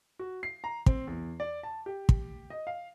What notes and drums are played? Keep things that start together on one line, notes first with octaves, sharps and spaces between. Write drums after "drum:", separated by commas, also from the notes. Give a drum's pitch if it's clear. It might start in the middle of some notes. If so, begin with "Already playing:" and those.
F#4
C7
A#5
C4, drum: kick
E2
D5
A5
G4
drum: kick
D#5
F5